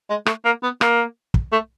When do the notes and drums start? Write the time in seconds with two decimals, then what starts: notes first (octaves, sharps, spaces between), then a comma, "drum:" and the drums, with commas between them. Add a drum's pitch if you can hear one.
0.10 G#3
0.26 A3, drum: rim click
0.45 A#3
0.63 B3
0.81 A#3, drum: rim click
1.34 drum: kick
1.52 A3